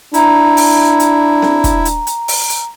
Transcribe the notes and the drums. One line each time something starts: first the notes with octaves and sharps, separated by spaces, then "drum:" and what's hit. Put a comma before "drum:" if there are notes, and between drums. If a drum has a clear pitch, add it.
D4 E4 A#5, drum: hi-hat
drum: open hi-hat
drum: hi-hat
drum: snare C4
drum: kick, hi-hat
drum: hi-hat
drum: hi-hat
drum: open hi-hat
drum: hi-hat